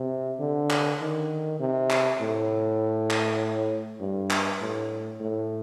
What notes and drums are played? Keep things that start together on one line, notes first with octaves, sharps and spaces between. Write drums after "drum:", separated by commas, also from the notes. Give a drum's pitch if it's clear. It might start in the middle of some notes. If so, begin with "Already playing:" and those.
Already playing: C3
D3
drum: clap
D#3
C3
drum: clap
A2
drum: clap
G2
drum: clap
A2
A2